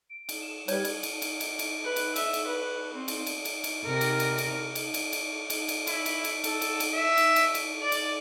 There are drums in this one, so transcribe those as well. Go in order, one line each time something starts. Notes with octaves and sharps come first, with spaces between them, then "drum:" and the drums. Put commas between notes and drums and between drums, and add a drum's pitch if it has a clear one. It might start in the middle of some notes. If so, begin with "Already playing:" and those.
D7
drum: cymbal
E7
G3 B4 C#5 G#6, drum: cymbal
drum: cymbal
drum: cymbal
drum: cymbal
drum: cymbal
drum: cymbal
B4
drum: cymbal
E5, drum: cymbal
drum: cymbal
B4
C4
drum: cymbal
drum: cymbal
drum: cymbal
drum: cymbal
C3 A#4
drum: cymbal
drum: cymbal
drum: cymbal
drum: cymbal
drum: cymbal
drum: cymbal
drum: cymbal
drum: cymbal
E4, drum: cymbal
drum: cymbal
drum: cymbal
A4, drum: cymbal
drum: cymbal
drum: cymbal
E5
drum: cymbal
drum: cymbal
drum: cymbal
D5
drum: cymbal